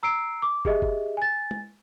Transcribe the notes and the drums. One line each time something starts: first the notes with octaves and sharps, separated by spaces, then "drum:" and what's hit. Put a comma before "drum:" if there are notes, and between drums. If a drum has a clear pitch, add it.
A#5 E6 C7 D7
D6
G4 G#4 D#5 E5, drum: kick
drum: kick
G#5 A6
drum: tom